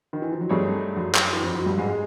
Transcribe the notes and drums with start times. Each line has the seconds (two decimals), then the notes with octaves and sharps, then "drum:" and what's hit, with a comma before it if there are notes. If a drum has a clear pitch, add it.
0.13 D#3
0.22 E3
0.32 F3
0.41 F#3
0.49 G2 G3 A3 C4 D#4 G#4 C#5
0.96 F#2 F#3
1.15 drum: clap
1.33 E3
1.43 F2 F3
1.55 F#2 F#3
1.66 G2 G3
1.77 G#2 G#3
1.89 G#3